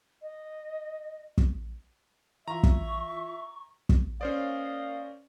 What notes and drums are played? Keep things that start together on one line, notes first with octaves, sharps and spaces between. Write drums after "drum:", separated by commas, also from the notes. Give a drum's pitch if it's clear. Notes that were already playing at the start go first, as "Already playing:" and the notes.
D#5
drum: kick
E3 F4 E5 A#5 C#6
drum: kick
drum: kick
A#3 C#4 C5 D5 D#5 F5